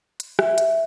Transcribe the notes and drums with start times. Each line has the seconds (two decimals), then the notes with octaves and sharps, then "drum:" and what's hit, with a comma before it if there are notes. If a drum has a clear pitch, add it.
0.20 drum: hi-hat
0.39 E5, drum: rim click
0.58 drum: hi-hat